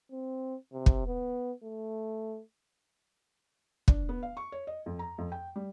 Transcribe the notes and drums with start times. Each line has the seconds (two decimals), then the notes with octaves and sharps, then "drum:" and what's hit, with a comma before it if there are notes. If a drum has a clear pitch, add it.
0.11 C4
0.72 C3
0.86 drum: kick
1.07 B3
1.63 A3
3.88 D4, drum: kick
4.09 B3
4.23 F5
4.37 C#6
4.52 C#5
4.67 D#5
4.86 F2
4.99 A#5
5.18 F2
5.32 G5
5.56 G3